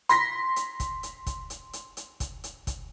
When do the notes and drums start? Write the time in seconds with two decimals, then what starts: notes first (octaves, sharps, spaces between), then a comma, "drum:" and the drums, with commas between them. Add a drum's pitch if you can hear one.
0.09 C6 A#6 B6, drum: hi-hat
0.56 drum: hi-hat
0.80 drum: kick, hi-hat
1.03 drum: hi-hat
1.27 drum: kick, hi-hat
1.50 drum: hi-hat
1.73 drum: hi-hat
1.97 drum: hi-hat
2.20 drum: kick, hi-hat
2.44 drum: hi-hat
2.67 drum: kick, hi-hat